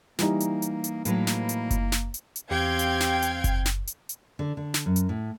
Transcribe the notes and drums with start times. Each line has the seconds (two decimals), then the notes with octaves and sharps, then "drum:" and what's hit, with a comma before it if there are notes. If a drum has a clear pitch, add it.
0.19 E3 G3 A#3 D#4, drum: snare
0.40 drum: hi-hat
0.62 drum: hi-hat
0.84 drum: hi-hat
1.05 A2 F#3 A#3 B4, drum: hi-hat
1.27 drum: snare
1.49 drum: hi-hat
1.71 drum: kick F#1, hi-hat
1.92 drum: snare
2.14 drum: hi-hat
2.36 drum: hi-hat
2.51 E2 C4 G4 F5 G5 G#6
2.79 drum: hi-hat
3.01 drum: snare
3.22 drum: hi-hat
3.44 drum: kick F#1, hi-hat
3.66 drum: snare
3.87 drum: hi-hat
4.09 drum: hi-hat
4.39 D3
4.57 D3
4.74 drum: snare
4.86 F#2
4.96 drum: hi-hat
5.09 A2